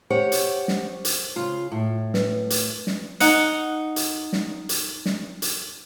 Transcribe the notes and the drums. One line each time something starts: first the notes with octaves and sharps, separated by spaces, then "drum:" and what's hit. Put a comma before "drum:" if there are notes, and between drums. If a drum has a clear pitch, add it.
G4 C5 C#5 F#5
drum: hi-hat
drum: snare
drum: hi-hat
C#3 F4
A2
B4, drum: snare
drum: hi-hat
drum: snare
D#4 F#5, drum: hi-hat
drum: hi-hat
drum: snare
drum: hi-hat
drum: snare
drum: hi-hat